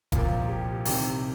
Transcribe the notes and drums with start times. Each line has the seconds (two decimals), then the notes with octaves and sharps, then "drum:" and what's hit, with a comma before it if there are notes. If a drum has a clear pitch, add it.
0.12 C2 A#2 F3 A#3 F4, drum: kick E1, hi-hat
0.48 G4
0.85 C2 C3 D#3, drum: open hi-hat